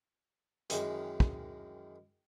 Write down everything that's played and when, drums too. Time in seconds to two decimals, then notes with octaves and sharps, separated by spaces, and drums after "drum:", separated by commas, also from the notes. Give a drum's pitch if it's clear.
0.70 F#2 D#3 E3 G#3, drum: hi-hat
1.20 drum: kick